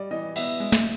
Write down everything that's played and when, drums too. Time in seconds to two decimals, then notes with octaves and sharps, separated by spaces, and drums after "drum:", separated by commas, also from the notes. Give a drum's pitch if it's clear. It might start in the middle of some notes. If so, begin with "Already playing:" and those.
Already playing: G3 D5 D#5
0.11 E3 D#5
0.36 B3 E5, drum: cymbal
0.60 G#3
0.72 drum: snare